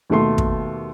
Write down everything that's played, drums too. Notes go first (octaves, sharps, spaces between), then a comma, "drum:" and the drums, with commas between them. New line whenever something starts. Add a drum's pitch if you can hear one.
D#2 B2 A3 C6
drum: kick